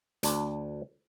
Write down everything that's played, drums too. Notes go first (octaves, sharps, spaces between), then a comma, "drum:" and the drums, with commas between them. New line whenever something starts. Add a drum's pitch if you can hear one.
D2 D4, drum: hi-hat